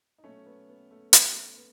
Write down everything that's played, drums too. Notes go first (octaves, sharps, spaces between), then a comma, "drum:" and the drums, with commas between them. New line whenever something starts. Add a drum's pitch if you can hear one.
D#4
B2 F#3 A3 C#4
B3
B3
A3
B3, drum: hi-hat
B3